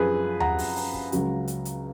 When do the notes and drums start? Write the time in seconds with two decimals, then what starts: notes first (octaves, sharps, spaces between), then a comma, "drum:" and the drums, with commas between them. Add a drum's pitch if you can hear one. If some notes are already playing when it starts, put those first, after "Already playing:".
Already playing: F#2 F3 G#4 B4
0.40 F#5 A#5, drum: tom D#2
0.58 drum: open hi-hat
0.76 drum: open hi-hat
0.94 drum: kick
1.12 C#2 C#3 F#3, drum: hi-hat
1.48 drum: hi-hat
1.65 drum: hi-hat